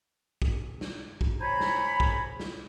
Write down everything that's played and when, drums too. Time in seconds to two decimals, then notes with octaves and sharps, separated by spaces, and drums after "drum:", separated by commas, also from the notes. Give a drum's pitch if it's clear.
0.42 drum: kick
0.81 drum: snare
1.21 drum: kick
1.41 C5 C#5 G#5 A#5 B5
1.60 drum: snare
2.00 drum: kick
2.40 drum: snare